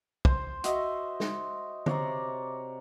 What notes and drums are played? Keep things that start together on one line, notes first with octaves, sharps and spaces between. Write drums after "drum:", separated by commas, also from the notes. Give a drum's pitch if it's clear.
C5, drum: kick
F#4 D#5 E5, drum: hi-hat
drum: snare
C3 C#5 D5 A#5, drum: tom D3